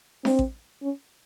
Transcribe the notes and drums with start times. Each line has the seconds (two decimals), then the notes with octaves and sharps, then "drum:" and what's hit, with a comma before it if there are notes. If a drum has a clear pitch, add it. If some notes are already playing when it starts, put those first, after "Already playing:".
0.25 C4, drum: snare D4
0.39 drum: kick A1
0.82 C#4